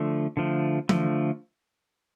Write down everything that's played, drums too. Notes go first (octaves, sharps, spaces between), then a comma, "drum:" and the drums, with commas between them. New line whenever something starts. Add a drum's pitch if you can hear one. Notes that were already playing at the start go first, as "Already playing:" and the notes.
Already playing: D3 F3 A3
D3 F3 A3
D3 F3 A3, drum: tom E3